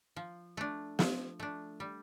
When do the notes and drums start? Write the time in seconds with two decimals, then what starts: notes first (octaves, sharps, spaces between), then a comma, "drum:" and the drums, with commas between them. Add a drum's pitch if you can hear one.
0.16 F3
0.57 A3 D4
0.99 F3, drum: snare
1.40 A3 D4
1.80 G3